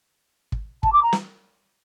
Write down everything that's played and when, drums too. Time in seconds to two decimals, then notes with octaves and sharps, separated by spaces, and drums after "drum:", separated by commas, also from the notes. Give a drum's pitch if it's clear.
0.52 drum: kick
0.83 A5, drum: kick
0.92 D6
1.03 A#5
1.13 drum: snare